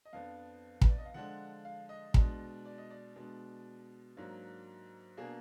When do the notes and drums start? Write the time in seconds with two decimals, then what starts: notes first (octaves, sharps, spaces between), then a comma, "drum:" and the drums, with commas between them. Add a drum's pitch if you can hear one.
0.05 D#5
0.13 F2 F3 B3 D4 F5
0.81 B4, drum: kick
0.89 D5
0.98 D#5
1.06 F5
1.14 D3 F3 G#3 D4 F#5
1.65 F5
1.89 D#5
2.14 B2 G#3 D4, drum: kick
2.66 D5
2.78 D#5
2.90 D5
3.16 B2 G#3 D4
4.17 G#2 F#3 A#3 D4
5.17 B2 A#3 D4 G#4